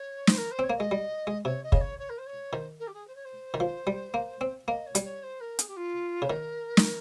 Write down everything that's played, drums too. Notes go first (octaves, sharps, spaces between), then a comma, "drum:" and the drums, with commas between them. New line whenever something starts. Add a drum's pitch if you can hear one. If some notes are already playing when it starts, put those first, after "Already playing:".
Already playing: C#5
C5, drum: snare
A#4
C5
C4 C#5
A#3
G#3 D#5
G3
G#3
C3 C#5
D#5
C#3, drum: kick
C#5
C#5
A#4
C5
C#5
D#3 C5
A#4
G4
G#4
C5
C#5
C5
D#3
F3
G3
A#3
C4
A#3 D#5
C#5
G3, drum: hi-hat
C#5
C5
A#4
G#4, drum: hi-hat
G4
F4
C#3 C5
D#3 A#4
drum: snare